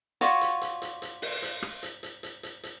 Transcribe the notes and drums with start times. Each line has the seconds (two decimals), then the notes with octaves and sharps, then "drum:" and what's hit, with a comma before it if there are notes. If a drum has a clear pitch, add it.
0.21 F4 F#4 C#5 D5, drum: hi-hat
0.41 drum: hi-hat
0.61 drum: hi-hat
0.82 drum: hi-hat
1.02 drum: hi-hat
1.22 drum: open hi-hat
1.42 drum: hi-hat
1.62 drum: rim click
1.83 drum: hi-hat
2.03 drum: hi-hat
2.23 drum: hi-hat
2.43 drum: hi-hat
2.63 drum: hi-hat